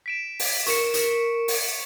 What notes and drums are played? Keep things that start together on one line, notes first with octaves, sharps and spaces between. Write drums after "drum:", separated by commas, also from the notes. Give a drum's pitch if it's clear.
B6 D7 E7
drum: open hi-hat
A#4 C#6 C#7, drum: hi-hat
drum: hi-hat
drum: open hi-hat